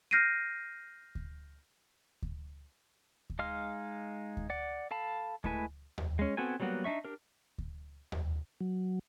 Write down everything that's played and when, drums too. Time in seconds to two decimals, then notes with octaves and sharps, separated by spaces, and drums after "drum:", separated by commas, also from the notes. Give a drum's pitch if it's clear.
0.11 F6 G6 A#6 C7 D7 D#7
1.15 drum: kick D2
2.22 drum: kick D2
3.30 drum: kick D2
3.39 G#3 D#4 F5 C6 F6
4.37 drum: kick D2
4.50 D5 F#5
4.91 A4 F5 A5 B5
5.44 G#3 A3 E4 B4 G#5, drum: kick D2
5.98 drum: tom D#2
6.19 G#3 C#4
6.37 B3 C4 F#4 A4 G#5
6.60 F#3 G3 A#3 B3 F#4
6.84 D4 D#4 E5 C#6
7.05 D4 G4 A#4
7.58 drum: kick D2
8.12 drum: tom D#2
8.61 F#3